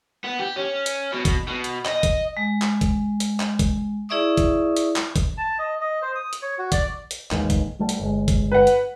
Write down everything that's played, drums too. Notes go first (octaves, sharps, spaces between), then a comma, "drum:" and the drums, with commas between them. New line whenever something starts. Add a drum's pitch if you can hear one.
B3
G4
C#4
drum: hi-hat
B2
drum: kick, hi-hat
B2
drum: hi-hat
D#5, drum: clap
drum: kick, hi-hat
G#3
drum: clap
drum: kick, hi-hat
drum: hi-hat
drum: clap
drum: kick, hi-hat
E4 G#4 D5 E5 C#6 D#6
drum: kick, hi-hat
drum: hi-hat
drum: clap
drum: kick, hi-hat
A5
D#5
D#5
C5
D#6
drum: hi-hat
C#5
F#4
D5, drum: kick, hi-hat
drum: hi-hat
A1 D#2 G#2, drum: clap
drum: kick, hi-hat
B1 G3 A3
drum: hi-hat
G1 G#3
drum: kick, hi-hat
B4 F#5
drum: hi-hat